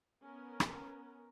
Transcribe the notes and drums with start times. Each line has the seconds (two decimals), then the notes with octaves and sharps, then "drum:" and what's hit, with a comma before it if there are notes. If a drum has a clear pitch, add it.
0.23 B3 C#4 A#4
0.60 drum: rim click